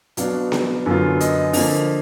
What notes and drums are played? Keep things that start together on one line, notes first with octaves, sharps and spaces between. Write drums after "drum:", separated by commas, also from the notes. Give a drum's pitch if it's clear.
B2 F#3 B3 D4 F5, drum: hi-hat
drum: snare B3
F#2 D3 F#3 B3 F4
D#5, drum: hi-hat
D3 F3 A#3, drum: open hi-hat